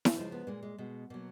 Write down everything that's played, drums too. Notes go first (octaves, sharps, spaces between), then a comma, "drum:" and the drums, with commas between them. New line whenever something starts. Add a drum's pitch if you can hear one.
drum: snare E4
C#3 F3 G#3 D#4
B3
A#2 G#3 A#3
G#3
B2 G#3
B2 F#3 A#3